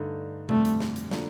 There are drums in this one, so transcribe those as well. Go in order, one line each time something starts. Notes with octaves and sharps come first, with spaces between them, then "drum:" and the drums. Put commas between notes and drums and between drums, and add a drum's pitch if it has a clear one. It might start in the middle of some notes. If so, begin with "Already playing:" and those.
Already playing: G2 D3 A3 D#4
F2 D3 G3 A3, drum: tom B2
drum: hi-hat
drum: snare
drum: hi-hat
D3 F3 A#3 D4 A4, drum: snare